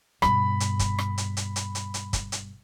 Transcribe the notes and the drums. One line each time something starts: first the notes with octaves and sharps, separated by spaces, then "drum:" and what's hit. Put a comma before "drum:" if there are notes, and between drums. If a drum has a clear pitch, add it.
G2 B2 B5, drum: rim click
drum: hi-hat
drum: kick, hi-hat
drum: rim click
drum: hi-hat
drum: hi-hat
drum: hi-hat
drum: hi-hat
drum: hi-hat
drum: kick, hi-hat
drum: hi-hat